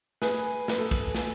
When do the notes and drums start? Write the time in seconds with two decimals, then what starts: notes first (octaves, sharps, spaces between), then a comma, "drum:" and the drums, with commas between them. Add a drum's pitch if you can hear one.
0.22 G#4 B4, drum: snare
0.68 B4, drum: snare
0.79 A4
0.91 drum: kick, cymbal
1.15 drum: snare